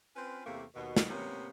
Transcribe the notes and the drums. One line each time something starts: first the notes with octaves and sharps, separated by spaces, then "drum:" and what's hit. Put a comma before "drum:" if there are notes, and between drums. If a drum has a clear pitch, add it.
C4 C#4 F4 B4
E2 C3 A3 A#3
D#2 B2
drum: snare
C3 A#3 B3 C#4